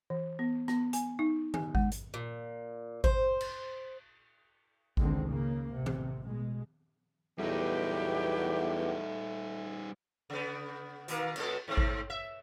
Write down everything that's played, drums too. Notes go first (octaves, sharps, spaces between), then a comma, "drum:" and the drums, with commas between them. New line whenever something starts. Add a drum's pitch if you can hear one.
E3
B3
B3, drum: rim click
G#5, drum: hi-hat
D#4
G#5, drum: tom D#3
G#3, drum: kick G#1
drum: hi-hat
A#2
C5, drum: kick G#1
drum: cymbal
C#2 D3 D#3 G#3 C4, drum: kick G#1
C#3 A#3
A1 C3
drum: tom D#3
B2 G#3
E2 F#3 G3 A3 B3 D#4 G4
C#3 B3
B2 D#3 A#3, drum: hi-hat
F#2 A#2 A4, drum: cymbal
G#2 A3 C4
drum: kick G#1
E5